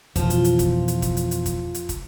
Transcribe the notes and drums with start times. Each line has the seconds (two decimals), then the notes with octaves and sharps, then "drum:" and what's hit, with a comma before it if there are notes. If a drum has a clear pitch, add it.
0.16 F2 B2 E3 F3 F4, drum: kick, hi-hat
0.30 drum: hi-hat
0.44 drum: hi-hat
0.59 drum: kick, hi-hat
0.88 drum: hi-hat
1.02 drum: kick, hi-hat
1.17 drum: hi-hat
1.31 drum: hi-hat
1.46 drum: kick, hi-hat
1.74 drum: hi-hat
1.89 drum: kick, hi-hat